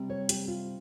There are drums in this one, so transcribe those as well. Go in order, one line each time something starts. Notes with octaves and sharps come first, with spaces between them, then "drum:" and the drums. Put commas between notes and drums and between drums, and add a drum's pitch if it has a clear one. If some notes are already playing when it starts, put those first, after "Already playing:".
Already playing: C3 G3 C4
C#5
G4, drum: hi-hat
F4